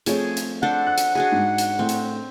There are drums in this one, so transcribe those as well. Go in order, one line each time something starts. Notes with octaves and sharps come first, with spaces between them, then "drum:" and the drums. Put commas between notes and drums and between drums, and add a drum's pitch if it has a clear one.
F3 A3 C4 G#4 C#5, drum: hi-hat
drum: hi-hat
D4 A4 C5 F#5
F#6
drum: hi-hat
D4 F#4 G#4
G#2
drum: hi-hat
A2 A3 C4
drum: hi-hat